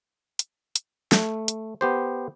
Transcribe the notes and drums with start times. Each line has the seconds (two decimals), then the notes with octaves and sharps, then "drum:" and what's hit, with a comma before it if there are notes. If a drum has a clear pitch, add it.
0.39 drum: hi-hat
0.76 drum: hi-hat
1.12 A3, drum: snare
1.48 drum: hi-hat
1.81 B3 G4 C5